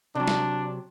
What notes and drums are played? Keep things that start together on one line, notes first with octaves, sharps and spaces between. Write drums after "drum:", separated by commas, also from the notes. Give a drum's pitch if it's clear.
C3 F#3 D4
drum: snare